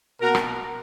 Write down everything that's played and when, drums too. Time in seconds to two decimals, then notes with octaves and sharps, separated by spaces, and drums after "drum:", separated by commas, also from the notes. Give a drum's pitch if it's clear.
0.21 B2 A#3 F#4 A#4
0.35 drum: rim click